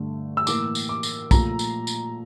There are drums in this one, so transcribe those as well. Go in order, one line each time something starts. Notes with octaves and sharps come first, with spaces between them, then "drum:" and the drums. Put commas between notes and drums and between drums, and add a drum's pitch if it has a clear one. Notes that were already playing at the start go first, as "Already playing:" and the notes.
Already playing: G2 D3 A3
E6
A2 E3 A#3 D6, drum: tambourine
drum: tambourine
D6
drum: tambourine
A#2 F3 A3 A#5, drum: kick, tambourine
drum: tambourine
drum: tambourine